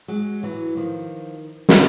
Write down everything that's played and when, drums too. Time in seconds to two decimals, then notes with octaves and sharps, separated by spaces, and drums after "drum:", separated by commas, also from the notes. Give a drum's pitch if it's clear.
0.08 F#3 G#3
0.43 E3 F#3
0.77 D#3 F3
1.69 drum: snare